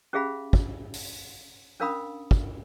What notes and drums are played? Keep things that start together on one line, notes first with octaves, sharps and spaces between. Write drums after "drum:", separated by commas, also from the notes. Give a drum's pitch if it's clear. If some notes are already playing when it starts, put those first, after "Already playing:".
C#4 G4 G#4 E5 F5 B5
drum: kick
drum: open hi-hat
C#4 D4 A#4 F5 B5 D#6
drum: kick